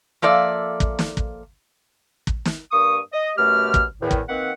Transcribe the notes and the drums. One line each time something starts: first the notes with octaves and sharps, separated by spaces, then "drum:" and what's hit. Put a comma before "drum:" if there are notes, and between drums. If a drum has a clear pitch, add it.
F3 A#3 A4 D5 E5
drum: kick
drum: snare
drum: kick
drum: kick
drum: snare
G2 A#3 C#6 D#6
D#5
F#2 B2 A3 G4 F6
drum: kick
E2 A2 D#3
drum: kick
D#3 A#3 C4 B4 F#5